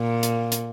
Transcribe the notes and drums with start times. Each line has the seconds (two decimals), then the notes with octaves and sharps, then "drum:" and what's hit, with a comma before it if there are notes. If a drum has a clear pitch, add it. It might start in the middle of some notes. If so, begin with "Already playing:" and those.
Already playing: A#2
0.23 drum: hi-hat
0.52 drum: hi-hat